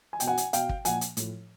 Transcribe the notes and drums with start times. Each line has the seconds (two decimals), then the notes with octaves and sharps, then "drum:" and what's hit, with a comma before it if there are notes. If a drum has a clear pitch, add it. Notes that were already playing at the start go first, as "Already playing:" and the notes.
0.13 G#5
0.20 B2 G5, drum: hi-hat
0.27 F#5 G#5
0.37 drum: hi-hat
0.53 B2 F5 G5, drum: hi-hat
0.69 drum: kick
0.85 A#2 F3 F#5 G#5, drum: hi-hat
1.01 drum: hi-hat
1.17 A2 F3, drum: hi-hat